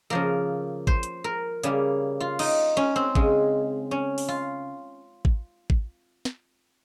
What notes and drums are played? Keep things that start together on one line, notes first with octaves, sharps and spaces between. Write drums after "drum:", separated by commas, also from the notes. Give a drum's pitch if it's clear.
C#3 F3 A#3 A#4
C5, drum: kick
drum: hi-hat
A#4
C#3 G3 A#3, drum: hi-hat
F4
D#4, drum: cymbal
C#4
C4
C#3 G#3, drum: kick
C#4
drum: open hi-hat
F4
drum: kick
drum: kick
drum: snare